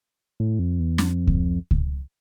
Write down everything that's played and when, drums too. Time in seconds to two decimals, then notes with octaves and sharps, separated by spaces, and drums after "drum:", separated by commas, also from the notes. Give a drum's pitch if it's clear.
0.40 A2
0.59 F2
0.80 E2
0.98 F2, drum: snare
1.27 drum: kick C#2
1.71 drum: kick C#2